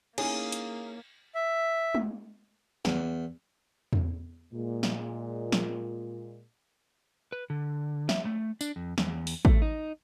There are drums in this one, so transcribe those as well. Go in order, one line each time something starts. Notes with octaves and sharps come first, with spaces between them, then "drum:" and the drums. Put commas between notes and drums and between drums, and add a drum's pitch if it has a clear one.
A#3 C#4 D#4 E4 G#4, drum: cymbal
drum: hi-hat
E5
drum: tom G#3
E2, drum: snare
drum: tom E2
A#2 G#3
drum: snare
drum: snare
B4
D3
E5, drum: snare
A3
D4, drum: tambourine
F2
E2, drum: snare
drum: open hi-hat
A3, drum: kick A1
D#4